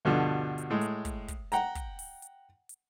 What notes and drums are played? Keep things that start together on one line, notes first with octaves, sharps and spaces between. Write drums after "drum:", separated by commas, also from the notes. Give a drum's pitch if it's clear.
D2 G2 B2 D3 F3
drum: hi-hat
A2 G#3
drum: hi-hat
drum: kick, hi-hat
drum: kick, hi-hat
F#5 G5 A#5, drum: hi-hat
drum: kick, hi-hat
drum: open hi-hat
drum: hi-hat
drum: hi-hat